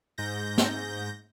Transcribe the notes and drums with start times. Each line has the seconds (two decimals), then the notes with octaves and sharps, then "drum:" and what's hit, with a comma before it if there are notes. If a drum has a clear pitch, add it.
0.18 G#2 G6 A#6
0.58 drum: snare